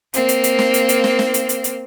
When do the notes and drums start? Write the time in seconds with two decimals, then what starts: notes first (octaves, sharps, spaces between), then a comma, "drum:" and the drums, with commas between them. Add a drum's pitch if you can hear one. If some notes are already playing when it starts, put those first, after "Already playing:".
0.14 A#3 C4, drum: hi-hat
0.29 drum: hi-hat
0.44 drum: hi-hat
0.59 drum: snare
0.74 drum: hi-hat
0.89 drum: hi-hat
1.04 drum: snare
1.19 drum: snare
1.34 drum: hi-hat
1.49 drum: hi-hat
1.64 drum: hi-hat